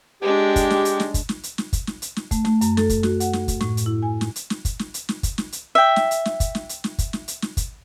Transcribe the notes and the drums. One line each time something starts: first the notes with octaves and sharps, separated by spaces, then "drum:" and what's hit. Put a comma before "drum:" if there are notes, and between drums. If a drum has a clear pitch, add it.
G#3 D4 G4
drum: kick, hi-hat
drum: snare
drum: hi-hat
drum: snare
drum: kick, hi-hat
drum: snare
drum: hi-hat
drum: snare
drum: kick, hi-hat
drum: snare
drum: hi-hat
drum: snare
A3, drum: kick, hi-hat
A3, drum: snare
F#2, drum: hi-hat
A4, drum: snare
drum: kick, hi-hat
F#4, drum: snare
F#5, drum: hi-hat
drum: snare
drum: kick, hi-hat
A2, drum: snare
drum: hi-hat
E4
G#5
drum: snare
drum: hi-hat
drum: snare
drum: kick, hi-hat
drum: snare
drum: hi-hat
drum: snare
drum: kick, hi-hat
drum: snare
drum: hi-hat
E5 G5
drum: snare
drum: hi-hat
drum: snare
drum: kick, hi-hat
drum: snare
drum: hi-hat
drum: snare
drum: kick, hi-hat
drum: snare
drum: hi-hat
drum: snare
drum: kick, hi-hat